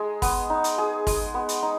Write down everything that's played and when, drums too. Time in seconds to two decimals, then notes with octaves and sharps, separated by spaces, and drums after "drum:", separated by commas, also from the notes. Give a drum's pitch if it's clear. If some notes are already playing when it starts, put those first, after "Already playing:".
Already playing: G#3 D#4 G#4
0.22 B3, drum: kick, open hi-hat
0.50 D#4
0.64 drum: hi-hat
0.78 G#4
1.07 G#3, drum: kick, open hi-hat
1.34 B3
1.49 drum: hi-hat
1.63 D#4